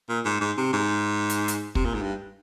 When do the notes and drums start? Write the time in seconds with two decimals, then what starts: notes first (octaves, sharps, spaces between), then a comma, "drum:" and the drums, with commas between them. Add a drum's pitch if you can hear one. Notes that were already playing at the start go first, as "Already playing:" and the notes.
0.08 A#2
0.25 G#2
0.41 G#2
0.57 C3
0.73 G#2
1.30 drum: hi-hat
1.48 drum: hi-hat
1.75 C3, drum: kick
1.85 A#2
1.94 G#2
2.02 G2